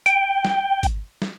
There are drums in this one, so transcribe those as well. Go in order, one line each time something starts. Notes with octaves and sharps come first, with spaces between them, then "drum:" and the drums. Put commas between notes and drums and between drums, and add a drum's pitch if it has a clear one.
G5, drum: hi-hat
drum: snare
drum: kick G#1, hi-hat
drum: snare